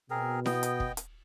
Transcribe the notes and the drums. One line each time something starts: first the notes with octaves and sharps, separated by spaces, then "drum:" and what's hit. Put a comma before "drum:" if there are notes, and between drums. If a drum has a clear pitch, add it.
B2 C4 G#4 A#4
B3 D#5 G5, drum: snare E4
drum: hi-hat
drum: kick
drum: hi-hat